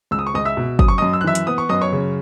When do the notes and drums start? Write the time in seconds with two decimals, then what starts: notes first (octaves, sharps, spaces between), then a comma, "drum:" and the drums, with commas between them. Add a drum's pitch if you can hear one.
0.11 C#2 E6
0.19 D#6
0.27 C#6
0.34 C#2 D#5 D#6
0.45 E5 E6
0.57 B2
0.79 F#2 D#6, drum: kick
0.88 C#6
0.98 F#2 D#5 D#6
1.13 E6
1.21 F#6
1.24 E3 E5 E6
1.35 drum: hi-hat
1.47 B3 D#6
1.58 C#6
1.69 F#2 D#5 D#6
1.81 C#5 C#6
1.93 C#3